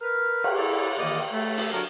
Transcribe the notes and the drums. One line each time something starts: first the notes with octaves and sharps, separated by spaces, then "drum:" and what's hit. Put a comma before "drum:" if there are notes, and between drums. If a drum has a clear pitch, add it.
A#4 B4 F6
drum: cymbal
A#3 E4 G#4 A4 D5
A#2 D#3 E3 A#3 D5 D#5
A3
drum: open hi-hat
D3 F#3 D4 F#4 A#4